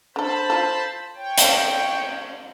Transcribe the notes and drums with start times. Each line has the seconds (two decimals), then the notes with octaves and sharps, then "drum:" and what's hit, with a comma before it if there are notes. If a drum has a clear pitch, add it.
0.16 D3 A4 C5 A5 B5
0.50 F4 A4
1.16 C#5 G5
1.38 drum: hi-hat